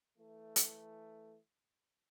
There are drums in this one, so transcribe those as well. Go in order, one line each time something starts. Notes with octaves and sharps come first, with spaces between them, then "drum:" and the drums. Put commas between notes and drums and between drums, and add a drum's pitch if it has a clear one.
E3 A3
drum: hi-hat